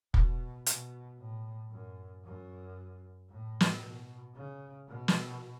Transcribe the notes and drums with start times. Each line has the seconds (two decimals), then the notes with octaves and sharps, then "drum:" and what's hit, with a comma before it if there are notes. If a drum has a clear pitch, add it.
0.14 B2, drum: kick
0.66 B2, drum: hi-hat
1.19 A2
1.71 F#2
2.25 F#2
3.30 A2
3.60 drum: snare
3.82 B2
4.35 C#3
4.88 B2
5.08 drum: snare